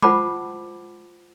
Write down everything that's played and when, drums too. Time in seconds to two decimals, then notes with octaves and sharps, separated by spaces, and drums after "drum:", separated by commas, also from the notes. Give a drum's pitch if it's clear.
0.02 F4 C5 F#5 A5 B5 D6, drum: tom G#3